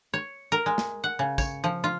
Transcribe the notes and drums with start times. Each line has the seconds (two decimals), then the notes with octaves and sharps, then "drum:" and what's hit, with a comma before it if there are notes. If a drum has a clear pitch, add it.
0.14 C#5
0.52 A#4
0.66 G#3
0.78 drum: snare
1.04 F#5
1.19 C#3
1.38 C#5, drum: kick, tambourine
1.64 F3
1.84 F4